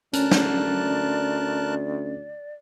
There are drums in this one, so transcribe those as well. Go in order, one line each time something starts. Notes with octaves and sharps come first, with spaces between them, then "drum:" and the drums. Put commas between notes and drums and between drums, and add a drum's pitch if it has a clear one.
D2 C#4 A#4 D5 A5 F#6, drum: hi-hat
drum: snare